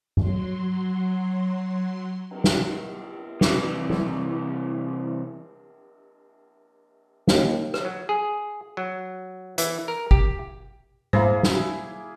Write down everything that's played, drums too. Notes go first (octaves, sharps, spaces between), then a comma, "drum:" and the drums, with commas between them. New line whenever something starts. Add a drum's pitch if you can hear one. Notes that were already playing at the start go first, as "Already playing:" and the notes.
F#3 C6, drum: tom G2
drum: cymbal
drum: snare
C2 E3, drum: snare
drum: tom
D#2, drum: snare
drum: rim click
F#3
G#4
F#3
E3, drum: hi-hat
A#4
G4, drum: kick
A#3 E4 G#4 C5, drum: tom G#2
drum: snare